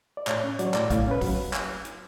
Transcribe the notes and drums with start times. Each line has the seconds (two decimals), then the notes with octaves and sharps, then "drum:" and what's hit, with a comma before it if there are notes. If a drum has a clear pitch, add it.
0.17 D5
0.27 A2 C#5, drum: clap
0.44 C#4
0.59 F#3 D5, drum: hi-hat
0.66 C#5
0.74 A2 D5, drum: clap
0.90 A2 F5, drum: kick, hi-hat
1.07 C#4 B4
1.21 F#3, drum: kick, open hi-hat
1.53 drum: clap
1.85 drum: hi-hat